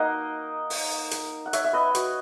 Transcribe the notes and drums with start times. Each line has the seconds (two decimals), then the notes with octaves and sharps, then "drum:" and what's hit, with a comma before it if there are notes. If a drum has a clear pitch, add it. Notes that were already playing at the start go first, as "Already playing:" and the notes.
Already playing: A#3 D#4 D#5 F#5
0.70 drum: open hi-hat
1.11 drum: hi-hat
1.46 F#5
1.53 C#5 E5, drum: hi-hat
1.64 E5
1.73 B4 D#5
1.95 F#4, drum: hi-hat